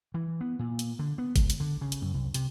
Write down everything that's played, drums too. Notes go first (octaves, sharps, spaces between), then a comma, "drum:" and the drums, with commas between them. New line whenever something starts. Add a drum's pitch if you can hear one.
E3
B3
A#2
drum: hi-hat
D3
B3
C#2, drum: kick G1, hi-hat
drum: hi-hat
D3
C#3
drum: hi-hat
F#2
C2
C3, drum: hi-hat